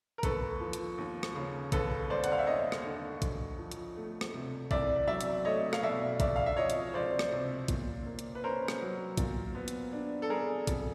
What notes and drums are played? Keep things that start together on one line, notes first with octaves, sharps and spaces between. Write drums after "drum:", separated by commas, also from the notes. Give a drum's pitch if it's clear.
A#4
D#2 A4 B4, drum: kick, hi-hat
F3
drum: hi-hat
D#2
drum: rim click
C#3
D#2 A4 B4, drum: kick, hi-hat
G3 C5 D5
F#5, drum: hi-hat
F5
E5
D#2 C#5 D#5
drum: rim click
D3
D2, drum: kick, hi-hat
F3
drum: hi-hat
A3
drum: rim click
C3
C2 D5 E5, drum: kick
F#3 D5 E5
drum: hi-hat
A3 C#5 D#5
F5, drum: rim click
B2 D5 E5
C#2 D5 E5, drum: kick, hi-hat
F5
E5
F3 C#5 D#5
drum: hi-hat
C#2 C5 D5
drum: rim click
C3
A#2, drum: kick, hi-hat
A#3
drum: hi-hat
B4
C#4 A#4 C5
drum: rim click
F#3
A#2, drum: kick, hi-hat
B3
drum: hi-hat
D4
A4
G3 G#4 A#4
F2, drum: kick, hi-hat